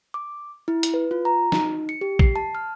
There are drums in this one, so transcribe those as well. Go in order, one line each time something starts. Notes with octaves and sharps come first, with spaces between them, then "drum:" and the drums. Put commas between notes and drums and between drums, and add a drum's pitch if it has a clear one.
D6
E4
drum: hi-hat
B4
F4
A#5
D#4, drum: snare
C#7
G4
C7, drum: kick A1
A5
F6